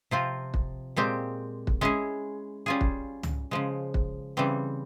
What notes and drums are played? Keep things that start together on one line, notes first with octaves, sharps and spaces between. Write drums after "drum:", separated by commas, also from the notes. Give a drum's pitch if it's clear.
C3 F3 C4 F4
drum: kick
A#2 G#3 C4 G4
drum: kick
G#3 C#4 E4 G#4
G3 C#4 F4 G#4
drum: kick
drum: tom
C#3 F3 G#3
drum: kick
C#3 E3 G3 C4